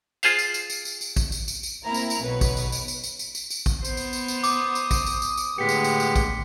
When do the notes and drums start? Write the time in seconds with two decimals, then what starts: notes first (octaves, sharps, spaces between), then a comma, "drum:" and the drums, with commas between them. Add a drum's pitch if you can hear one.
0.23 F4 G#4 C5 F5, drum: tambourine
0.39 drum: tambourine
0.54 drum: tambourine
0.70 drum: tambourine
0.85 drum: tambourine
1.01 drum: tambourine
1.16 drum: kick A#1, tambourine
1.32 drum: tambourine
1.48 drum: tambourine
1.63 drum: tambourine
1.83 A#3 C4 E4 A#5
1.94 drum: tambourine
2.10 drum: tambourine
2.21 B1 B2 B4 C#5
2.41 drum: kick A#1, tambourine
2.57 drum: tambourine
2.72 drum: tambourine
2.88 drum: tambourine
3.04 drum: tambourine
3.19 drum: tambourine
3.35 drum: tambourine
3.50 drum: tambourine
3.66 drum: kick A#1, tambourine
3.84 B3 C5, drum: tambourine
3.97 drum: tambourine
4.13 drum: tambourine
4.28 drum: tambourine
4.44 D6 D#6, drum: tambourine
4.75 drum: tambourine
4.91 drum: kick A#1, tambourine
5.06 drum: tambourine
5.22 drum: tambourine
5.38 drum: tambourine
5.58 A2 D3 G#3 B3 G4 B6 C#7
5.69 drum: tambourine
5.84 drum: tambourine
6.00 drum: tambourine
6.16 drum: kick A#1, tambourine